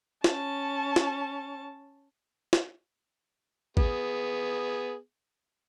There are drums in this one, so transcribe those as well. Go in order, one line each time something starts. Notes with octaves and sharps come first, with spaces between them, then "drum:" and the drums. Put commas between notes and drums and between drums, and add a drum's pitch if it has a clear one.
C#4 A5, drum: snare
drum: snare
drum: snare
B3 G#4, drum: kick